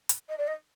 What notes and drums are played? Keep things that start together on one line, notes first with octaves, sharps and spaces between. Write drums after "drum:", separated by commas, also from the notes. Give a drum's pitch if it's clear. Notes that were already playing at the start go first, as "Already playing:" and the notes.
drum: hi-hat
D#5
D5
D#5